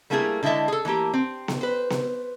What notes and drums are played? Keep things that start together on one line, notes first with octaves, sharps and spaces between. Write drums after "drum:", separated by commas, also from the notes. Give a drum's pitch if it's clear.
G3 A3 A#3 E4 F#4 G#4
D3 G#3 E4 D#5 E5 A5
G#4 A4
E3 A3 A#3 G4
C4
drum: snare B3
B4 C5
drum: snare B3